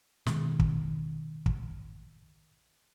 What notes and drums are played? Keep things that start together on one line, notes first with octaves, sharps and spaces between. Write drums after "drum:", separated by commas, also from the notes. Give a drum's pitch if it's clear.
B2 D#3 G#3, drum: snare
drum: kick
drum: kick